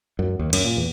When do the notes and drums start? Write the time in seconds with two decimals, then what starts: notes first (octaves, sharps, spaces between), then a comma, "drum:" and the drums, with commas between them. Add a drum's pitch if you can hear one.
0.19 F#2
0.39 D#2
0.53 F#2, drum: cymbal
0.65 A#2
0.77 E2